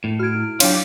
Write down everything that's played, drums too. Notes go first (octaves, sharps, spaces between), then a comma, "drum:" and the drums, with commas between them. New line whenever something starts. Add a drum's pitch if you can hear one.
A2
F#4 F6 G#6 D7
E4
F#3 D4 F4 G4 C#5, drum: cymbal